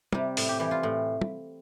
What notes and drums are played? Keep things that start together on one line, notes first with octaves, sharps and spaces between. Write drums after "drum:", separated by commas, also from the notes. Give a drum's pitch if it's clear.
C3 G3, drum: tom
A2, drum: open hi-hat
G4
E3 G3 G4
F4
A2
drum: tom